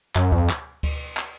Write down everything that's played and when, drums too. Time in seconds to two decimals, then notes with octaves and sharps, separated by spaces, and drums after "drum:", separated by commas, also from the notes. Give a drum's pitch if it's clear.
0.16 F#2, drum: clap
0.32 F2, drum: kick D2
0.50 drum: clap
0.83 drum: kick D2, cymbal
1.17 drum: clap